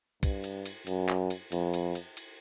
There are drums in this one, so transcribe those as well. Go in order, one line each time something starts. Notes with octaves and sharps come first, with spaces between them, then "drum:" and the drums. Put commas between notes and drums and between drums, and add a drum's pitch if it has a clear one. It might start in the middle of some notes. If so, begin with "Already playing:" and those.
G2, drum: kick, cymbal
drum: cymbal
drum: cymbal
F#2, drum: cymbal
drum: clap
drum: cymbal
F2, drum: cymbal
drum: cymbal
drum: cymbal
drum: cymbal